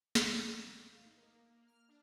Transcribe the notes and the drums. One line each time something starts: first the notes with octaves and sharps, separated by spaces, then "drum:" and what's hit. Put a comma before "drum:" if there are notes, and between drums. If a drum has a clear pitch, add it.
drum: snare
G#1
F5
D#4
A#3
A#3
F6
D4